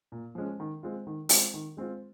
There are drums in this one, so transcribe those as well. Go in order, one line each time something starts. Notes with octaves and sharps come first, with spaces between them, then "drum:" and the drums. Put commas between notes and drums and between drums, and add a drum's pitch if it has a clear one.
A#2
F3 G#3 C#4
D#3
G#3 C4 F4
D#3
G#3 C4 F4, drum: open hi-hat
D#3
G#3 C4 F4